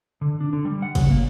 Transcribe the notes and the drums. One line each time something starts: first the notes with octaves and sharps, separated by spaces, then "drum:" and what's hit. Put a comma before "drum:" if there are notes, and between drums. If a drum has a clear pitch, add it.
D3
D4
D3
G3
F#5
C#3, drum: kick, cymbal
A#3